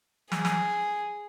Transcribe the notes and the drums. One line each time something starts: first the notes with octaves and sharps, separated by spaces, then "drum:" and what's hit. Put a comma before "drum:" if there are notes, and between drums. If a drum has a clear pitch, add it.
G#4, drum: snare
drum: snare